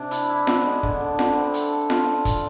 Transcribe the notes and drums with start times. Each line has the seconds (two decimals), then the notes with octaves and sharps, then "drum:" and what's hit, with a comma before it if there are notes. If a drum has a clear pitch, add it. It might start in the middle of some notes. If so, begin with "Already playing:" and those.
Already playing: C3 D4
0.11 E4, drum: hi-hat
0.29 E4
0.47 B3, drum: snare F4
0.65 G#3
0.83 D3, drum: kick
1.01 D3
1.19 D3, drum: snare F4
1.36 C4
1.54 A4, drum: hi-hat
1.72 A4
1.90 F4, drum: snare F4
2.08 F4
2.25 F4, drum: kick, hi-hat